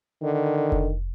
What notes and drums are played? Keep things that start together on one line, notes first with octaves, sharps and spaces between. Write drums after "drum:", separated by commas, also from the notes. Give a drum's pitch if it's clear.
D3 D#3
drum: kick F1